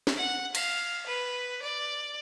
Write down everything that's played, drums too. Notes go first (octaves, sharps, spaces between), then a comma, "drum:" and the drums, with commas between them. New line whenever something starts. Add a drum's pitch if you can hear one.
drum: snare
F#5
F5, drum: cymbal
B4
D5